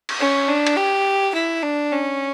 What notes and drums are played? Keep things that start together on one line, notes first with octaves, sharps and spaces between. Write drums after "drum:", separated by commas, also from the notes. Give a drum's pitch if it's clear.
drum: cymbal
C#4
D4
drum: cymbal
G4
E4
D4
C#4